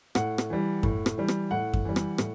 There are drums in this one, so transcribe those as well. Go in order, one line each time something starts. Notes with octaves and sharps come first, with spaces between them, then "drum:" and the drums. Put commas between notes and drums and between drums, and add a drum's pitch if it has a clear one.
A2 F#5, drum: rim click
drum: rim click
E3 G3
A2, drum: kick F#2
drum: rim click
E3 G3
drum: rim click
A2 F#5
drum: kick F#2
E3 G3
drum: rim click
A2, drum: rim click